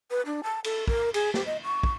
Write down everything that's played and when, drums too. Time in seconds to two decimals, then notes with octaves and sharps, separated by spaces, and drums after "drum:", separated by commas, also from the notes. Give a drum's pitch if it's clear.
0.11 B4
0.26 D4
0.43 A5
0.64 A4, drum: cymbal
0.88 A#4, drum: kick
1.14 G#4, drum: cymbal
1.34 G4, drum: snare
1.46 D#5
1.64 C#6
1.83 drum: kick